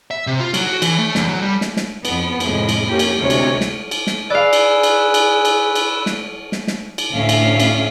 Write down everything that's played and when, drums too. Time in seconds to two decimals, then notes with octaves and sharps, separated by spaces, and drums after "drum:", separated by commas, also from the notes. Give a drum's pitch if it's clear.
0.11 E5
0.27 C3
0.40 F4
0.54 F#3, drum: cymbal
0.67 F#4
0.82 E3, drum: cymbal
0.98 A3
1.15 E2, drum: snare
1.29 F#3
1.42 G3
1.61 drum: snare
1.77 drum: snare
2.05 F2 B3, drum: cymbal
2.40 F2 A2 C3 G#3, drum: cymbal
2.69 drum: cymbal
2.89 A#3 C#4 G4
2.99 drum: cymbal
3.19 D2 C3 G#3 C#4 C#5
3.30 drum: cymbal
3.61 drum: snare
3.91 drum: cymbal
4.07 drum: snare
4.30 G#4 B4 D5 F5 E6
4.53 drum: cymbal
4.83 drum: cymbal
5.14 drum: cymbal
5.45 drum: cymbal
5.75 drum: cymbal
6.06 drum: snare
6.52 drum: snare
6.67 drum: snare
6.98 drum: cymbal
7.14 D2 A2 C#4 E5 F5
7.29 drum: cymbal
7.60 drum: cymbal